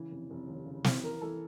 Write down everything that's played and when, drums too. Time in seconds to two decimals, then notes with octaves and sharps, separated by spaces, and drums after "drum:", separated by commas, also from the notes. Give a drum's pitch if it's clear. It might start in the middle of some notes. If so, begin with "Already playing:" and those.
Already playing: C#3 E3
0.11 F1
0.30 F1
0.47 D#2
0.66 C#3
0.84 E3, drum: snare
1.03 E3 A#4
1.21 E3 A4